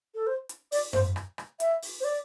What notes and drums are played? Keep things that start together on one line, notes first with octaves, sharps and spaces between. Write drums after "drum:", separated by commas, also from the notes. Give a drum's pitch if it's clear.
A4
C5
drum: hi-hat
D5, drum: open hi-hat
C5, drum: tom F#2
drum: rim click
drum: rim click
E5, drum: hi-hat
drum: open hi-hat
C5
D5